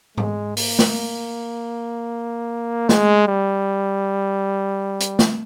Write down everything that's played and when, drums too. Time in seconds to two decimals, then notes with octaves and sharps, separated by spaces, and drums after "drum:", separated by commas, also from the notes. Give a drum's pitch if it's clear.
0.18 G#3, drum: tom G#2
0.57 A#3, drum: open hi-hat
0.79 drum: snare
2.89 G#3, drum: snare
3.28 G3
5.00 drum: hi-hat
5.19 drum: snare